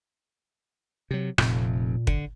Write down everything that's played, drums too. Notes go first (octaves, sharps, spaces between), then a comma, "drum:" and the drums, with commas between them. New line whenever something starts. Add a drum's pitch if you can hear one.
C3 F#3
F1 F2 A#2, drum: rim click
D3, drum: kick